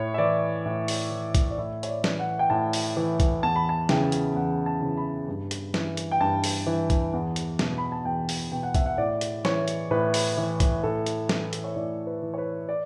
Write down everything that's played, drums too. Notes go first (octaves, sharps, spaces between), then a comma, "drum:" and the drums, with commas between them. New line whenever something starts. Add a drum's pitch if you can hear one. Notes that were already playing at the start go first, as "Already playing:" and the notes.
Already playing: A2 C#5
E5
E3 D5
A2
drum: open hi-hat
E3
drum: kick B1, hi-hat
D5
A2 E5
C#5, drum: hi-hat
D5
E3, drum: snare
F#5
G5
A2 A5
drum: open hi-hat
E3
drum: kick B1, hi-hat
E2 A5
B5
A5
C#3 E3 G5, drum: snare
drum: hi-hat
E2 F#5
A5
C#3 E3
B5
G2
drum: hi-hat
E3, drum: snare
drum: hi-hat
G5
G2 A5
drum: open hi-hat
E3
drum: kick B1, hi-hat
E2
drum: hi-hat
B2, drum: snare
B5
A5
E2 G5
drum: open hi-hat
B2 G5
F#5
E5, drum: kick B1, hi-hat
F#5
A2 D5
drum: hi-hat
E3 C#5, drum: snare
drum: hi-hat
A2 B4
drum: open hi-hat
E3
drum: kick B1, hi-hat
A2 A4
drum: hi-hat
E3, drum: snare
drum: hi-hat
C#5
A2 D5
B4
E3
C#5
B4
D5